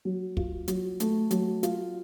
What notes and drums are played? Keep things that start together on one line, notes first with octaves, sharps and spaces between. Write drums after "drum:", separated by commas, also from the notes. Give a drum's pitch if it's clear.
F#3
F4, drum: kick
F#3, drum: hi-hat
A3, drum: hi-hat
F#3, drum: hi-hat
F4, drum: hi-hat